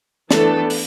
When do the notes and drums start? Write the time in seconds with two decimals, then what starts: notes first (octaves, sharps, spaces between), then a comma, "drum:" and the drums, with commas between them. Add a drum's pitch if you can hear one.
0.31 E3 A3 B3 D4 A4, drum: snare
0.70 drum: open hi-hat